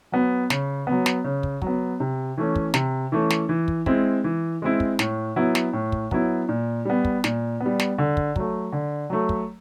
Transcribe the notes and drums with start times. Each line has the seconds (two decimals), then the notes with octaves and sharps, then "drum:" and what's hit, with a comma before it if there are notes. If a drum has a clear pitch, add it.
0.12 F#3 B3
0.50 C#3, drum: snare
0.87 F#3 B3
1.06 drum: snare
1.24 C#3
1.43 drum: kick
1.62 F#3, drum: kick
1.67 B3
2.00 C3
2.37 E3 A3 C#4
2.56 drum: kick
2.74 C3, drum: snare
3.12 E3 A3 C#4
3.30 drum: snare
3.49 E3
3.68 drum: kick
3.86 G#3 C4 E4, drum: kick
4.24 E3
4.62 G#3 C4 E4
4.80 drum: kick
4.99 A2, drum: snare
5.36 F#3 B3 E4
5.55 drum: snare
5.73 A2
5.92 drum: kick
6.11 F#3 B3 E4, drum: kick
6.48 A#2
6.85 G3 B3
7.05 drum: kick
7.24 A#2, drum: snare
7.60 B3
7.66 G3
7.79 drum: snare
7.98 D3
8.17 drum: kick
8.36 F#3 A3, drum: kick
8.72 D3
9.10 F#3 A3
9.29 drum: kick